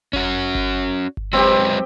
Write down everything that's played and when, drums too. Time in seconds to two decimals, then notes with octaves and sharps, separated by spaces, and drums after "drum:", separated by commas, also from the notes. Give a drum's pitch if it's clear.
0.13 C#4 F#4, drum: kick G1
0.55 drum: kick G1
1.17 drum: kick G1
1.33 F#3 G#3 C4 G4 B4